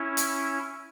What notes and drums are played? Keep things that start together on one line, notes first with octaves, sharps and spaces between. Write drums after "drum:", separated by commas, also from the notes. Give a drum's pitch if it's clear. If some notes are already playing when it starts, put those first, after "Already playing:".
Already playing: C#4 E4
drum: hi-hat